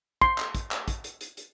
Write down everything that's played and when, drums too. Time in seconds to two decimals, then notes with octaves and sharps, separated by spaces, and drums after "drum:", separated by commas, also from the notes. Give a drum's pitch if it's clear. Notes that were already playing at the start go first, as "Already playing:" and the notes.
0.22 C6, drum: kick
0.38 drum: clap
0.55 drum: kick, hi-hat
0.71 drum: clap
0.88 drum: kick, hi-hat
1.04 drum: hi-hat
1.21 drum: hi-hat
1.37 drum: hi-hat